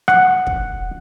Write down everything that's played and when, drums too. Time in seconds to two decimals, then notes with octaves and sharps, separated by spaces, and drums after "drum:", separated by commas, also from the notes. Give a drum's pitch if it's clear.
0.08 F#5, drum: rim click
0.47 drum: kick